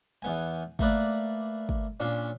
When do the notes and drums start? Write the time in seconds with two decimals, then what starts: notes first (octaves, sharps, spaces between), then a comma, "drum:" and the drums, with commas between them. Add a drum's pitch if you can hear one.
0.22 E2 B3 G#5
0.79 A3 A#3 B4 D5, drum: kick
1.69 drum: kick
2.00 A#2 C#4 D4